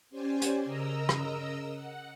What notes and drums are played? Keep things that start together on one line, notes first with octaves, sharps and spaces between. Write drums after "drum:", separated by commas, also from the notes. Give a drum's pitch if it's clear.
C#4 G4 C5 D5 G#5
drum: hi-hat
C#3 A#4 D#5 A#5 E6
drum: rim click
F#5